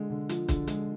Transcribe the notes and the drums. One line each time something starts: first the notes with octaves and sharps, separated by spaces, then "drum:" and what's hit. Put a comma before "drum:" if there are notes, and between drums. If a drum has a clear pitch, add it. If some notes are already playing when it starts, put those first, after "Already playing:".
Already playing: D3 G#3
D3
F3, drum: hi-hat
D3, drum: kick, hi-hat
G#3, drum: hi-hat